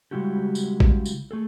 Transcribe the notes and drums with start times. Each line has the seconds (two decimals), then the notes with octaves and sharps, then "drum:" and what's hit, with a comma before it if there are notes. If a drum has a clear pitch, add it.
0.11 C#3 G3 G#3 E4 F#4 G4
0.55 drum: tambourine
0.80 drum: kick A1
1.06 drum: tambourine
1.31 A3 G#4 A4